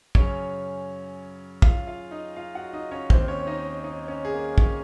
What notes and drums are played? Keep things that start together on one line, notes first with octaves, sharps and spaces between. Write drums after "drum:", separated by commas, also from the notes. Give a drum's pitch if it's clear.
F#2 C#3 C#4 C#5, drum: kick
F4 F5, drum: kick
F4 F5
D#4 D#5
F4 F5
F#4 F#5
D#4 D#5
C#4 C#5
D#2 D#3 C4 C5, drum: kick
C#4 C#5
D#4 D#5
D#4 D#5
C#4 C#5
G#4
A#3 A#4
C#4, drum: kick